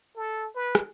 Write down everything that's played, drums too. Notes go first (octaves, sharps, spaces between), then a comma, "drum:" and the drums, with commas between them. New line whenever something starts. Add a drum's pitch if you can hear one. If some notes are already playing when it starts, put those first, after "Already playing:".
A4
B4
drum: rim click